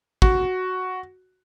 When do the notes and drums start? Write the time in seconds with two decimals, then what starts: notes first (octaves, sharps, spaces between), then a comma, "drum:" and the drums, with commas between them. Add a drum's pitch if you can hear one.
0.22 F#4, drum: kick